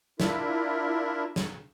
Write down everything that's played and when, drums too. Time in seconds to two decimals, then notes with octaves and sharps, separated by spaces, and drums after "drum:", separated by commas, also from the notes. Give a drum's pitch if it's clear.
0.20 D4 E4 F4 A#4 E5, drum: snare
1.36 drum: snare